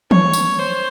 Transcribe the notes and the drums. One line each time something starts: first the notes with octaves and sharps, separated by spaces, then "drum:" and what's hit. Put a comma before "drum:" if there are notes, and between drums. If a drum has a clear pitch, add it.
C#5, drum: tom
drum: tambourine
C5